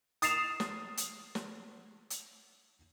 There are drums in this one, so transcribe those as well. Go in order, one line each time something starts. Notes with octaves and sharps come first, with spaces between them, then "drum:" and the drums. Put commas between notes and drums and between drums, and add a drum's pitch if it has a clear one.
D#6 A6 C7 E7 F7, drum: hi-hat
drum: snare
drum: hi-hat
drum: snare
drum: hi-hat